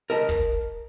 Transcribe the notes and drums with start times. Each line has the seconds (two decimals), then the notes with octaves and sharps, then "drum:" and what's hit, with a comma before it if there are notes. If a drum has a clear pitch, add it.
0.10 A#4 D#5 A5
0.29 drum: kick